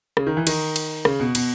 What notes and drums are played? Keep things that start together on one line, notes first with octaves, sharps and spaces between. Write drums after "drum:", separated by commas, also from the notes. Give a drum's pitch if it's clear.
C#3, drum: rim click
D#3
E3
D#3, drum: cymbal
drum: cymbal
C#3, drum: rim click
B2
B2, drum: cymbal